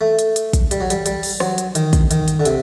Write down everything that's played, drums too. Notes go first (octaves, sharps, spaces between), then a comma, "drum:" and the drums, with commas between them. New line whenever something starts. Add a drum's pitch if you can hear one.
A3
drum: hi-hat
drum: hi-hat
drum: kick, hi-hat
G3, drum: hi-hat
F#3
G3, drum: hi-hat
G3, drum: hi-hat
drum: open hi-hat
F#3, drum: rim click
drum: hi-hat
D#3, drum: hi-hat
drum: kick, hi-hat
D#3, drum: hi-hat
drum: hi-hat
D3
C3, drum: hi-hat